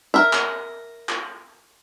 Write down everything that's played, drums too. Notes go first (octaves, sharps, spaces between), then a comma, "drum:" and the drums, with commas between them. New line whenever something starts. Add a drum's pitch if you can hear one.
A#4 E5
drum: clap
drum: clap